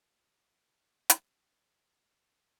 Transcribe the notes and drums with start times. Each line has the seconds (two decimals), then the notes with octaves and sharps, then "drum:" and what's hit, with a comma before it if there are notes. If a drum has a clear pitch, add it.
0.17 F4 G#4 D5 F#5
1.10 drum: hi-hat